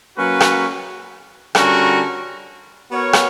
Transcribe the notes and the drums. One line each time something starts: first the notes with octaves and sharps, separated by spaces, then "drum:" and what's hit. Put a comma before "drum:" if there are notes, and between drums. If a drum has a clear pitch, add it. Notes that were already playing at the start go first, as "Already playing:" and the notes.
F#3 A#3 C#4 F#4 B4
drum: rim click
D3 G3 C#4 F#4 A#4, drum: rim click
B3 F#4 A#4 C#5
drum: rim click